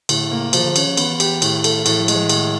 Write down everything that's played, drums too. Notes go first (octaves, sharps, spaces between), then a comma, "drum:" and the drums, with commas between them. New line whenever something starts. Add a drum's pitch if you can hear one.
A2 D3, drum: cymbal
C#3 A#3
C3 F3, drum: cymbal
D#3
D3
D#3 C#4, drum: cymbal
F3
E3 B3, drum: cymbal
G4, drum: cymbal
A2 D#3, drum: cymbal
A3, drum: cymbal
A2 E3, drum: cymbal
F3
G#3, drum: cymbal
F3
E3
A2 D#3, drum: cymbal